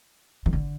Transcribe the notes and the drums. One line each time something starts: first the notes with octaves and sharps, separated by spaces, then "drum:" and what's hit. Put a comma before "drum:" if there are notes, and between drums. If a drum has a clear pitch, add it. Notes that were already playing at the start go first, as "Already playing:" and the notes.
D#3, drum: kick G1
D3